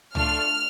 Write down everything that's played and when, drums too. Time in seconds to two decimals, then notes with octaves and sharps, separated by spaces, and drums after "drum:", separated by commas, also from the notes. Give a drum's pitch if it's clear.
0.15 A3 D4 F4 F6, drum: tom C#2